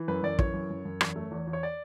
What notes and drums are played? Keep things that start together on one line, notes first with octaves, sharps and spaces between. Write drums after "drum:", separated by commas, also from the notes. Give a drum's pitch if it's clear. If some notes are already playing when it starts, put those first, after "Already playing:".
Already playing: E3
F#2 B4
F#2 D5
E3 C#5, drum: kick
F#2
F#2
F#2
E2, drum: rim click
A3
E2
E2
C#5
D5